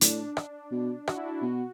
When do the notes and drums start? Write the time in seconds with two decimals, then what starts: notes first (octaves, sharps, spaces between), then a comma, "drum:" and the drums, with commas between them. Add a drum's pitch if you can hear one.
0.01 A2 D4, drum: hi-hat
0.37 drum: rim click
0.71 B2
1.08 F#4, drum: rim click
1.15 E4
1.24 D4
1.33 E4
1.42 B2 F#4